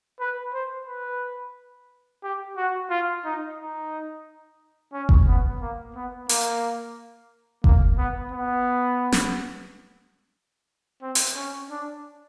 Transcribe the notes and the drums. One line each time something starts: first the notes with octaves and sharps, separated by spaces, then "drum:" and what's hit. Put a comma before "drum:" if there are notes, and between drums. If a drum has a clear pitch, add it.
B4
C5
B4
G4
F#4
F4
D#4
D#4
C#4
drum: kick F#1
B3
A#3
B3
A#3, drum: open hi-hat
A#3, drum: kick F#1
B3
B3
drum: snare
C4
drum: open hi-hat
C#4
D4